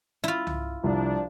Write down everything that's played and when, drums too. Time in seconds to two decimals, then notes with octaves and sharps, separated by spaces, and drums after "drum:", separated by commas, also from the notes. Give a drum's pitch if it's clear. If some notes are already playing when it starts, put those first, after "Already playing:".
0.24 E4 F4
0.47 drum: tom C2
0.84 C2 F3 D4